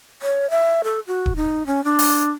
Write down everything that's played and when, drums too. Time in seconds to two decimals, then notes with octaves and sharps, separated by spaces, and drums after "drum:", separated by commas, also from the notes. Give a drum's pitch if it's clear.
0.22 C#5
0.50 E5
0.84 A4
1.07 F#4
1.26 drum: kick D#1
1.36 D#4
1.67 C#4
1.84 D4
1.99 drum: open hi-hat